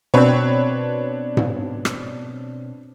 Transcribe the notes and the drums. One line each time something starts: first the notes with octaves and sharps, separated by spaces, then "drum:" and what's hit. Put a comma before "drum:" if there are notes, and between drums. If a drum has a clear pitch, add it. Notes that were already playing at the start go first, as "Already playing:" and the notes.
B2 C4 D4 B4 C#5
drum: tom G#2
drum: rim click